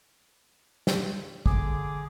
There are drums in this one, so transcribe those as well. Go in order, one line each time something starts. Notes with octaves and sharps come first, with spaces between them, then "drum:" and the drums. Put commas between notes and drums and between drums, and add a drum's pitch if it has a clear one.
drum: snare
D3 G#4 D6, drum: kick